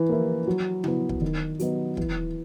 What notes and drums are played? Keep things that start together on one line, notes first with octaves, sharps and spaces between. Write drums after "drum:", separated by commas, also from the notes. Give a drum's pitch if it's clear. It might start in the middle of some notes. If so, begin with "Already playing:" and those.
Already playing: E3
A#3 E4
F#3
B3 E4, drum: tom C#3
drum: kick
D#3
F#3 B3 D#4, drum: hi-hat
E3, drum: kick